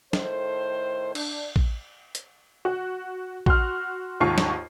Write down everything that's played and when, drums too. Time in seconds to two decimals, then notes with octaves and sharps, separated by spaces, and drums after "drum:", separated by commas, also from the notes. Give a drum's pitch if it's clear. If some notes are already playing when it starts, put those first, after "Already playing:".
0.13 A2 D#3 A4 C5, drum: snare
1.15 D4, drum: cymbal
1.56 drum: kick
2.15 drum: hi-hat
2.65 F#4
3.46 F#4 C6 F6, drum: kick
4.20 D#2 G#2 F4 A5 C#6 C7
4.38 drum: snare